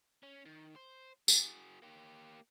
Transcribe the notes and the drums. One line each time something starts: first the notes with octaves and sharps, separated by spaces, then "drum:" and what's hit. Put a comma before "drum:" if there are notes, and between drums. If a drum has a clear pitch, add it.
C#4
D#3
C5
F#4 G#4, drum: tambourine
A#3 G4